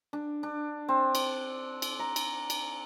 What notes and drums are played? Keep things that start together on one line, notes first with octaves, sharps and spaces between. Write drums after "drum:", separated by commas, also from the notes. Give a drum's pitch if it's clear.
D4
D4
C4
drum: cymbal
drum: cymbal
A#5
drum: cymbal
drum: cymbal